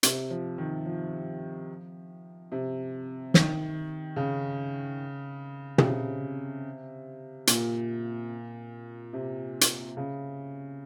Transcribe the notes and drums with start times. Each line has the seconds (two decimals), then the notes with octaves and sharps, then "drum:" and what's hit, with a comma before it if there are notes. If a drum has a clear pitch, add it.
0.03 C3, drum: hi-hat
0.30 F3
0.58 D#3
0.86 F3
2.52 C3
3.34 D#3, drum: snare
4.16 C#3
5.78 C#3, drum: tom
5.82 C3
7.47 A#2, drum: hi-hat
9.13 C3
9.61 drum: hi-hat
9.97 C#3